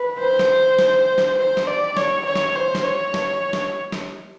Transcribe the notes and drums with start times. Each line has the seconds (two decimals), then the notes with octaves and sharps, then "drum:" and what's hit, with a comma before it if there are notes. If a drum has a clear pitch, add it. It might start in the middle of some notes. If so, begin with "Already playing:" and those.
Already playing: B4
0.19 C5
0.39 drum: snare
0.79 drum: snare
1.18 drum: snare
1.38 C5
1.57 drum: snare
1.67 D5
1.97 C#5, drum: snare
2.26 C#5
2.36 drum: snare
2.56 C5
2.75 drum: snare
2.84 C#5
3.14 drum: snare
3.53 drum: snare
3.92 drum: snare